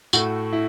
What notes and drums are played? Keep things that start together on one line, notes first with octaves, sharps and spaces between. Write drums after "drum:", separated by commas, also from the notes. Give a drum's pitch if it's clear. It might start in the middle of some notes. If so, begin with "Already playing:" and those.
A2 A3 F#4, drum: tambourine
E4